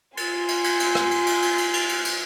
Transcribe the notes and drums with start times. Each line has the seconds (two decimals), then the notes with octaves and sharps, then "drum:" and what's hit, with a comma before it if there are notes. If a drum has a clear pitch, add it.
0.17 F4 G#5 C6, drum: cymbal
0.48 drum: cymbal
0.64 drum: cymbal
0.80 drum: cymbal
0.95 drum: rim click
1.11 drum: cymbal
1.27 drum: cymbal
1.42 drum: cymbal
1.58 drum: cymbal
1.73 drum: cymbal
1.89 drum: cymbal
2.05 drum: cymbal